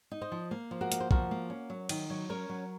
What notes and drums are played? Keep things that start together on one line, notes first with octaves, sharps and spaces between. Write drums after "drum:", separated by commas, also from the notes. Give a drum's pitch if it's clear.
D#4
C5 D#5
F3
A#3
F3
F#4 A#4
A#3, drum: hi-hat
C5
F3 F#4 A#4, drum: kick
A#3
C#4
F#3
D#3, drum: cymbal
F#3
C#4 A#4 C#5
F#3